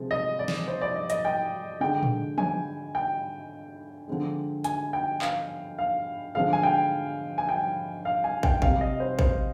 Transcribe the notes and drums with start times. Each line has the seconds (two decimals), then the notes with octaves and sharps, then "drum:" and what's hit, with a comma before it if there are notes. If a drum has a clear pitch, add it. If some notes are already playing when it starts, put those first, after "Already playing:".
Already playing: C3 F3 G#3
0.11 D#5
0.39 D5
0.48 drum: snare
0.68 C5
0.81 D5
0.96 D#5
1.10 D#5, drum: hi-hat
1.25 G5
1.80 D3 G#3 G5
2.03 drum: tom A2
2.38 G#5, drum: tom E3
2.95 G5
4.08 D3 F3 G#3
4.64 G#5, drum: hi-hat
4.93 G5
5.22 F5, drum: clap
5.78 F5
6.35 D3 F3 G#3 F5
6.53 G#5
6.63 G5
7.38 G#5
7.49 G5
8.05 F5
8.24 G#5
8.43 G5, drum: kick
8.62 C3 G3 F5, drum: kick
8.81 D#5
9.00 C5
9.19 C5, drum: kick